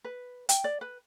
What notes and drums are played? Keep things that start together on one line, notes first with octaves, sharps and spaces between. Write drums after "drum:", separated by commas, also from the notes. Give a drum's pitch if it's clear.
B4
G5, drum: hi-hat
D5
B4